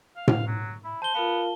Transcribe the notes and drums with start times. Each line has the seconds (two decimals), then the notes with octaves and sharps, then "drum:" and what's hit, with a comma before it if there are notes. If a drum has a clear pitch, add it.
0.16 F5
0.28 F5, drum: tom A2
0.47 F#3
0.84 E4
1.02 C5 A5 G7
1.14 B3 F4 A#4 F5